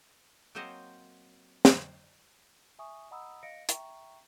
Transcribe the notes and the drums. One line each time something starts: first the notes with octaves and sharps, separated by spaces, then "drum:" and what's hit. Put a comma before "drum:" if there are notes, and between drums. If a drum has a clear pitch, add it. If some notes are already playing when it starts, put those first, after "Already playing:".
F#3 A#3 C4 C5 C#5 D#5
drum: snare
E5 G#5 C#6 D#6
D#5 F#5 A#5 B5 D#6 E6
D#5 F5 A#6 C#7 D7
E5 G5 A#5 C#6, drum: hi-hat